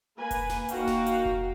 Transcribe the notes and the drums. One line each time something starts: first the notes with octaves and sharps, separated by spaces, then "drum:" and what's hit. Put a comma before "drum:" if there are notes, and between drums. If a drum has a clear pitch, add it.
A#3 B4 G#5
drum: kick F1, hi-hat
drum: snare E1
A#3 D#4 F#4 F5 G5, drum: hi-hat
drum: snare E1
drum: hi-hat
drum: kick F1